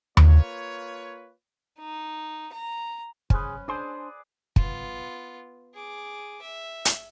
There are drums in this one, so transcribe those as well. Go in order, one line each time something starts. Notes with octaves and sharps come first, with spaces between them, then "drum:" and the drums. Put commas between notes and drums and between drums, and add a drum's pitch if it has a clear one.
A#3 F4 B4 C#5, drum: tom D#2
D#4
A#5
C#4 G#4 B4 C5, drum: kick
D4 G#4 C5 D5 C6
B3 F4, drum: kick
G#4 D6
E5
drum: hi-hat